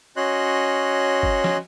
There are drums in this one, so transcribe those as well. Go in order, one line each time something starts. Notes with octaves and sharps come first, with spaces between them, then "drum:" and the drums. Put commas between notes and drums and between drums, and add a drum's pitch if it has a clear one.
C#4 F#4 C#5 D#5 C6 F#6
drum: kick G1
drum: snare